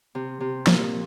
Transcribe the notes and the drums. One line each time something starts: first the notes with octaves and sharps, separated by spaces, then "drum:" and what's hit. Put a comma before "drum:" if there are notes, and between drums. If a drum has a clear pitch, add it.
C3
C3
A#2, drum: snare